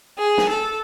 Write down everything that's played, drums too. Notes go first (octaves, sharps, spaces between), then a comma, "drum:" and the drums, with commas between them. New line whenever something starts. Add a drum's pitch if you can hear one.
G#4
drum: snare
A4